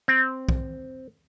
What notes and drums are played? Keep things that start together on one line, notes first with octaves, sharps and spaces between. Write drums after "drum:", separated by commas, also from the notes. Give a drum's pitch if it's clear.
C4
drum: kick